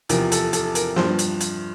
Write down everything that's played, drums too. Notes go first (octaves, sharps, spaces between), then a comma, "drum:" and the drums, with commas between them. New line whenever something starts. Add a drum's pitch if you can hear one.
E2 C3 F3 A#4, drum: hi-hat
A4, drum: hi-hat
A4, drum: hi-hat
A#4, drum: hi-hat
G2 F3 C5, drum: snare
drum: hi-hat
drum: hi-hat